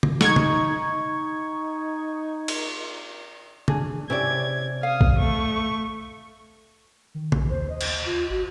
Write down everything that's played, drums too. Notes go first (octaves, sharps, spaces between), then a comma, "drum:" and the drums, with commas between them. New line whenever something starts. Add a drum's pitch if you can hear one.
drum: tom
D#4 C#6 G#6, drum: snare
drum: tom
D#4
drum: cymbal
D4 G#4, drum: tom
C3 C#4 E4 G4 D5 G#6
F5 D#6 F6
drum: kick B1
A3 C#6
D#3
A#1, drum: tom
D#2 C5
D#5
drum: cymbal
F4
G#1 F#4